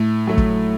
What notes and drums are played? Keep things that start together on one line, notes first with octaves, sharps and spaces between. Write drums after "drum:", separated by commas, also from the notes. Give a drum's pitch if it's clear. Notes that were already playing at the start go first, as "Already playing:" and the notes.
Already playing: A2
F#3 A3
drum: kick